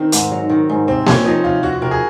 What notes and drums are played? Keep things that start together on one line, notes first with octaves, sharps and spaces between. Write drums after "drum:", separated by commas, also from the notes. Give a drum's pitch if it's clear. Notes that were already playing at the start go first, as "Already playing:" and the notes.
Already playing: D#3 C4
G#2, drum: hi-hat
F#3
D#3
G#2
C3 C4
C3 C#4, drum: snare A#3
F3 D#4
C3 F4
F3 F#4
F#4
C3 A#4
G#4